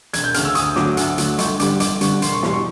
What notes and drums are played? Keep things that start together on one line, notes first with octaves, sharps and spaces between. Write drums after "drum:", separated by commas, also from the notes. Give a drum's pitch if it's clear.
E1 G#6, drum: hi-hat
G6
D2 C#3 F6, drum: hi-hat
E6
D2 D#6, drum: hi-hat
D3 F#3 A3 D6, drum: snare
D2, drum: hi-hat
D3 F#3 A3, drum: hi-hat
G1 C#6, drum: hi-hat
G2 D3 G3 D6, drum: hi-hat
G1 D6, drum: hi-hat
G2 D3 G3 C#6, drum: hi-hat
E1 C6, drum: hi-hat
C#6
E2 B2 G3 C6, drum: snare
C#6